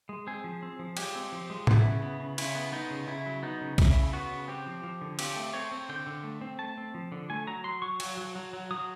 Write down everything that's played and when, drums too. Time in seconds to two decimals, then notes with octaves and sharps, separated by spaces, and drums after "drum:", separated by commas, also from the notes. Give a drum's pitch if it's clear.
0.09 G#3
0.27 C4 G#4
0.44 F3
0.63 C4
0.79 F3
0.97 G#3 G4, drum: cymbal
1.15 C4
1.32 F3
1.50 G#3
1.67 B3 E4, drum: tom A2
1.85 C#3
2.02 B3
2.20 C#3
2.38 C#3 E4, drum: cymbal
2.55 B3
2.72 B3 D#4
2.90 C#3
3.08 C#3 E4
3.26 F#3
3.43 B3 D#4
3.61 C#3
3.78 C#3 E4, drum: kick B1, cymbal
3.96 C#3
4.13 B3 F#4
4.31 C#3
4.48 C4 G4
4.66 F3
4.84 F3
5.01 D3
5.19 C4 G4, drum: cymbal
5.36 A3
5.53 C4 C#5
5.71 C4
5.89 D3 G5
6.07 D3
6.24 A3
6.41 C4
6.59 A3 A5
6.78 C4
6.94 F3
7.12 D3
7.30 A3 G#5
7.47 F#3 A#5
7.64 F#3 C6
7.82 F#3 C#6
8.00 F#3, drum: cymbal
8.17 F#3
8.36 F#3
8.53 F#3
8.71 F#3 D#6